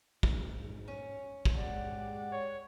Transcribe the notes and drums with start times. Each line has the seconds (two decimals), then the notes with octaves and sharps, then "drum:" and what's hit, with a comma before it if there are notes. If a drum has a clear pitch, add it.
0.23 G#2, drum: kick
0.88 C#4
1.45 drum: kick
1.56 G#3 G4 D5 F#5
2.32 C#5